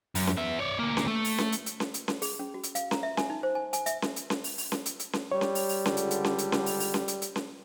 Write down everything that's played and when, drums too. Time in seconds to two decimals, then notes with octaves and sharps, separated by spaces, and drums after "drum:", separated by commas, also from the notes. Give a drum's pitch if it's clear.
0.15 F#2, drum: open hi-hat
0.27 drum: snare C#4
0.37 B3 E5
0.60 C#5 D5
0.79 D2 A#3
0.97 drum: snare C#4
1.07 A3
1.25 drum: open hi-hat
1.38 drum: snare C#4
1.52 drum: hi-hat
1.66 drum: hi-hat
1.80 drum: snare C#4
1.94 drum: hi-hat
2.08 drum: snare C#4
2.22 G#4, drum: open hi-hat
2.39 C#4
2.54 F#4
2.63 drum: hi-hat
2.75 F5, drum: hi-hat
2.91 A#5, drum: snare C#4
3.03 E5
3.17 G#5, drum: snare C#4
3.30 D#4
3.43 C5
3.55 G#5
3.73 G#5, drum: hi-hat
3.86 E5, drum: hi-hat
4.02 drum: snare C#4
4.16 drum: hi-hat
4.30 drum: snare C#4
4.44 drum: open hi-hat
4.58 drum: open hi-hat
4.72 drum: snare C#4
4.86 drum: hi-hat
4.99 drum: hi-hat
5.13 drum: snare C#4
5.32 G3 C#5
5.41 drum: snare C#4
5.55 drum: open hi-hat
5.69 drum: open hi-hat
5.86 C#2 D3, drum: snare C#4
5.97 drum: hi-hat
6.11 drum: hi-hat
6.24 drum: snare C#4
6.38 drum: hi-hat
6.52 drum: snare C#4
6.66 drum: open hi-hat
6.80 drum: open hi-hat
6.94 drum: snare C#4
7.08 drum: hi-hat
7.22 drum: hi-hat
7.36 drum: snare C#4